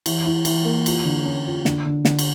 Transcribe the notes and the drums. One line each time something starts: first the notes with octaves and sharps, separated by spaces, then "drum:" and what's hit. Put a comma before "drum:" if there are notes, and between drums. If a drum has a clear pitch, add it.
E3, drum: cymbal
E4
E3, drum: cymbal
A#3
F4, drum: cymbal
D3
C#4
F4
D3, drum: snare
D3
D3, drum: snare
drum: cymbal